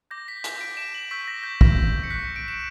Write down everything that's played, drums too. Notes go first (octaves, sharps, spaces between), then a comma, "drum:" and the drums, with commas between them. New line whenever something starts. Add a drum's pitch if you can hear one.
D6 G6 A#6
B6
B6, drum: hi-hat
D7
E7
F#7
C#6 E6 G6 B6
A#6
G6
A#6, drum: kick
C#7
C#6 F#6 B6
D7
E7